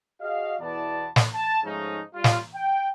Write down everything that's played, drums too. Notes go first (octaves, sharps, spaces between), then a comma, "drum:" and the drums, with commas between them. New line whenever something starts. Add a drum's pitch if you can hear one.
F#4 G#4 D#5 F5
E2 B2 E3 B3 D5 A5
drum: snare
A5
G#2 F3 G#3 A3 C#4 D#4
G3 F4
drum: snare
G5